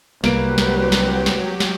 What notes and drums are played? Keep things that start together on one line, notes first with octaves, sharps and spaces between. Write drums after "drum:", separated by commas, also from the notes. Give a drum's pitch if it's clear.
C2 F#3 A#3 G4 B4 D7, drum: snare
drum: snare
drum: snare
drum: snare
drum: snare